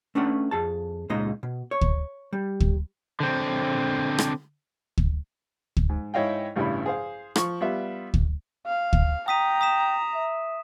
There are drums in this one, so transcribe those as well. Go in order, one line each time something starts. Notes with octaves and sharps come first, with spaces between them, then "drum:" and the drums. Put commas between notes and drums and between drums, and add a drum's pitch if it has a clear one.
A3 C#4 D4 B4 F#5
F2 G#4 A5
C#2 A#2 G#3 D#4 D#5
B2
C#5
drum: kick
G3
drum: kick
D3 C4
drum: rim click
drum: kick
drum: kick
G#2
G#2 E4 C#5 D#5 F5 G5
A1 G2 C#3 G3 E4 B5
G#4 C5 F5
F3 C#6, drum: rim click
G3 B3 F4 E5
drum: kick
F5
drum: kick
G5 A#5 D#6 B6 D#7
D#6 B6 E7
E5